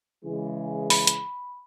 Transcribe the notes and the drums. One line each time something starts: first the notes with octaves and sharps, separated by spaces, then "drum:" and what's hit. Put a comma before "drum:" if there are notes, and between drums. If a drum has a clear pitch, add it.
C#3 E3 G#3
B5, drum: open hi-hat
drum: hi-hat